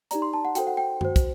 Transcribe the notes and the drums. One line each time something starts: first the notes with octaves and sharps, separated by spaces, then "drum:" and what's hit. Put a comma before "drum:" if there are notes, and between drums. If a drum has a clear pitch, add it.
D#4 G4 D5 A#5, drum: hi-hat
C6
A5
F#5
F#4 A4 C5 G5, drum: hi-hat
F#5
G5
F#4 C5, drum: tom F#2
drum: kick, hi-hat